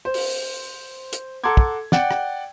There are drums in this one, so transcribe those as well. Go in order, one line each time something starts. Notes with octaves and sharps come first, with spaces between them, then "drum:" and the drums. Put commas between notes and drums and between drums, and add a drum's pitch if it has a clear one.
C5
drum: open hi-hat
drum: hi-hat
A4 F#5 A#5 C6 D6 G#6
drum: kick
D5 F#5 G5, drum: snare
drum: rim click